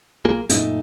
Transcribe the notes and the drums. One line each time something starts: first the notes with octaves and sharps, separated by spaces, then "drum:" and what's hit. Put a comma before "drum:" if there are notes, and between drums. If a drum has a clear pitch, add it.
B1 A#3 F4 G#4
F#2 A#2 A3 D#4, drum: hi-hat